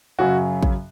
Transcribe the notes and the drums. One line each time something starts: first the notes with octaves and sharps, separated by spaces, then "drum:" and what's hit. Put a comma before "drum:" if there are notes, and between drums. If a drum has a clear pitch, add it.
F#2 C#3 F#3 F#4
drum: kick A1